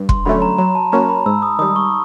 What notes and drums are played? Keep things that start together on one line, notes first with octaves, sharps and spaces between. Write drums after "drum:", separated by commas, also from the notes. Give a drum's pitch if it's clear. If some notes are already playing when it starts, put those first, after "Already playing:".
Already playing: G2
C6, drum: kick
D3 F#3 A3 C#4 B5
A#5
F#3 A#5
A5
A#3 C#4 F#4 A#5
B5
G#2 E6
D#6
D#3 G3 D#6
C#6